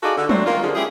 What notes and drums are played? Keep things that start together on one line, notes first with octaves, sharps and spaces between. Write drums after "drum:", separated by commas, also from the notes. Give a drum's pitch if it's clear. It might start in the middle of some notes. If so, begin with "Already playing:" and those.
D#4 F4 F#4 G#4 A4 D5
D3
F#3 A3 C4 D4 F#4 C5, drum: tom
D#3 A#3 F4
D3 F3 G3 G#3 A#3 C#4
G#3 C#4 E4 G4 G#4